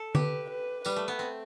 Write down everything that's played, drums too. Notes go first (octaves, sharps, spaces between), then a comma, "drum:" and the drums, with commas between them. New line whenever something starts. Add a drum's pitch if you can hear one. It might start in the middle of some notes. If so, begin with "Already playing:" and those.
Already playing: A4
G4 B4, drum: tom D3
B4
G3 B4, drum: tambourine
A3
B3
C4